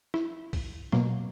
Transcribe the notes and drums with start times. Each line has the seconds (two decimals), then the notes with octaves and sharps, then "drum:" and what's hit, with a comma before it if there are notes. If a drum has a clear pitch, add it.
0.14 E4, drum: rim click
0.53 drum: kick, open hi-hat
0.92 B2 F#3 A#3, drum: rim click